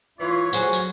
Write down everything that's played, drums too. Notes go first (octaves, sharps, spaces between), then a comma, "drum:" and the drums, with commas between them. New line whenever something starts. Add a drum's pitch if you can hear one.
E3 F4 C#5
F#3 F#4 G#4 C5, drum: tambourine
drum: tambourine